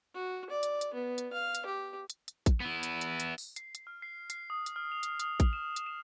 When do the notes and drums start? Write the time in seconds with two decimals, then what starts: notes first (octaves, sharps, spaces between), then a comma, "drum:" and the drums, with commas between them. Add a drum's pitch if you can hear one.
0.14 F#4
0.50 D5
0.63 drum: hi-hat
0.81 drum: hi-hat
0.94 B3
1.18 drum: hi-hat
1.33 F5
1.55 drum: hi-hat
1.66 G4
2.10 drum: hi-hat
2.28 drum: hi-hat
2.46 drum: kick A1, hi-hat
2.60 B3 E4
2.83 drum: hi-hat
3.01 drum: hi-hat
3.20 drum: hi-hat
3.38 drum: open hi-hat
3.56 C7, drum: hi-hat
3.75 drum: hi-hat
3.87 F6
4.02 C7
4.30 C7, drum: hi-hat
4.50 D#6
4.66 drum: hi-hat
4.76 F6
4.92 F7
5.03 drum: hi-hat
5.20 D#6, drum: hi-hat
5.40 drum: kick A1, hi-hat
5.53 E7
5.76 drum: hi-hat
5.86 E7